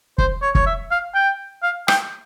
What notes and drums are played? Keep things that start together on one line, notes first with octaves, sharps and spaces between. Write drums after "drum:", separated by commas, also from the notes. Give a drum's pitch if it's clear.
C5, drum: kick
C#5
C#5, drum: kick
E5
F5
G5
F5
G5, drum: rim click